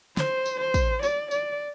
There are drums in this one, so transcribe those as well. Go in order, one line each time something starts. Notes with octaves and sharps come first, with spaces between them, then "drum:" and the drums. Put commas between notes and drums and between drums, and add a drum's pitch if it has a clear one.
C5, drum: snare
drum: tambourine
C5
drum: kick, tambourine
D5, drum: tambourine
D5, drum: tambourine